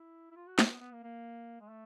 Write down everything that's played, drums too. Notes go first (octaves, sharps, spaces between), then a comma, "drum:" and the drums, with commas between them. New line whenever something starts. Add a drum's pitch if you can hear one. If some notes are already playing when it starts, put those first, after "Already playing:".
Already playing: E4
E4
F4
F#4
D#4, drum: snare
B3
B3
A#3
A#3
G#3
A3